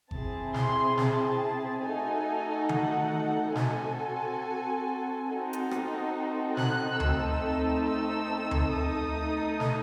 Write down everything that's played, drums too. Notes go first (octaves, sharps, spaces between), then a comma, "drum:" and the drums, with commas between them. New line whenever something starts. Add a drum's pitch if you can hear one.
C4 E4 G#4 A5, drum: kick G1
C6, drum: snare
A5, drum: snare
A3 D#4 F#4 A4 G#5
F#5, drum: tom D#3
C4 F#4 A4 G#5, drum: snare
C4 D#4 F#4 A4
drum: hi-hat
drum: rim click
F#6, drum: snare
A3 C4 D#4 A4 E6, drum: tom D2
E6
drum: tom D2
A3 D#4 A4 D#6
drum: snare